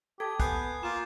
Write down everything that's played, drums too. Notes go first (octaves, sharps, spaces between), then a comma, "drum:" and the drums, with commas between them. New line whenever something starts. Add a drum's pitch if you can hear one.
G4 A4 A5 G#6
B3 G#5 F#6 G6 C7, drum: kick, hi-hat
A#3 F4 E7